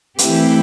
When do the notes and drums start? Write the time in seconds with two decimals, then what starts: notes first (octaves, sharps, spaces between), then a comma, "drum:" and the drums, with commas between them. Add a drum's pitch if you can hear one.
0.19 E3 A3 C4 E4 G4, drum: hi-hat